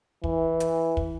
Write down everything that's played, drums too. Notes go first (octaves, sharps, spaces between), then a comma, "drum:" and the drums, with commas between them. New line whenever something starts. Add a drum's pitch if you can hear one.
E3, drum: kick
drum: hi-hat
drum: kick